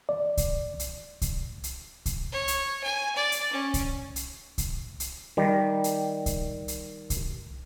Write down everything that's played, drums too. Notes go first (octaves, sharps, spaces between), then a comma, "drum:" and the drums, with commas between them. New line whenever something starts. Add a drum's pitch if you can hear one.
D5
drum: kick C2, hi-hat
drum: hi-hat
drum: kick C2, hi-hat
drum: hi-hat
drum: kick C2, hi-hat
C#5
drum: hi-hat
G#5
D5
drum: hi-hat
C#4
drum: kick C2, hi-hat
drum: hi-hat
drum: kick C2, hi-hat
drum: hi-hat
D#3 G3
drum: hi-hat
drum: kick C2, hi-hat
drum: hi-hat
drum: kick C2, hi-hat